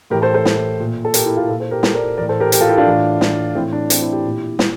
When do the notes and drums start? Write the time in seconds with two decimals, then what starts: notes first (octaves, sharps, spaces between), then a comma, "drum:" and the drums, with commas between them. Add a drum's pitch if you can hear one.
0.10 A2 E3 G4 A#4
0.22 A4 C5
0.34 A4 C5
0.45 drum: snare
0.80 A#2
1.05 A4
1.14 G4 A#4, drum: hi-hat
1.25 E4 G4
1.37 F4 A4
1.48 A#2 F4 A4
1.60 A4 C5
1.71 G4 A#4
1.83 A4 C5, drum: snare
1.94 A#4 D5
2.17 A2 E3 A#4 D5
2.29 A4 C5
2.40 G4 A#4
2.52 G4 A#4, drum: hi-hat
2.61 F4 A4
2.69 E4 G4
2.78 D4 F4
2.86 A2 E3
3.21 drum: snare
3.55 A2 E3 C4 E4
3.73 D4
3.90 C4, drum: hi-hat
4.02 C4 E4
4.13 E4 G4
4.24 A#2
4.59 drum: snare